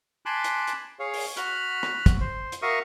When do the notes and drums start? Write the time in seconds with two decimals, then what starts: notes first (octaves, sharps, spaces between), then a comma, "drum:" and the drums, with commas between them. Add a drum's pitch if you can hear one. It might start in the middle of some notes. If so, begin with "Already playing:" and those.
0.26 G#5 A5 B5 C6 D6 F#6
0.44 drum: hi-hat
0.67 drum: hi-hat
0.99 G#4 C#5 F5
1.14 drum: open hi-hat
1.37 F#4 B5 F6 F#6, drum: hi-hat
1.83 drum: rim click
2.06 drum: kick, hi-hat
2.20 C5
2.52 drum: hi-hat
2.62 F#4 A#4 E5 F5 C#6 D#6